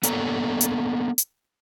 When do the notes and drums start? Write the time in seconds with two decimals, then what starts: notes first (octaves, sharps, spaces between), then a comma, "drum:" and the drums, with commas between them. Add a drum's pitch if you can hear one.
0.03 A#3 B3 D4 A4 C#5 A#5, drum: hi-hat
0.61 drum: hi-hat
1.18 drum: hi-hat